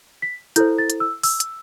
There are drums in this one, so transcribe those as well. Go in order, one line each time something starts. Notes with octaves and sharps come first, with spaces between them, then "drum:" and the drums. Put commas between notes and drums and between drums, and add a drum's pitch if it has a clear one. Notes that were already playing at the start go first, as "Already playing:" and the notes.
B6
E4 A4 C5 G6, drum: hi-hat
A6
drum: hi-hat
E6
E6, drum: open hi-hat
drum: hi-hat